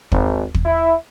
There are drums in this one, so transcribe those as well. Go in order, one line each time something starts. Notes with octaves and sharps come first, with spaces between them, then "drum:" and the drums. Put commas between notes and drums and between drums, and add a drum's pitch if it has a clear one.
G#1, drum: kick
drum: kick
E4